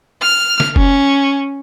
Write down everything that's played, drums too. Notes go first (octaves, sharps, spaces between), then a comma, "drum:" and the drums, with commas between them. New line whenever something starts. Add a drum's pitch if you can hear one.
F6
drum: snare
C#4, drum: kick F#1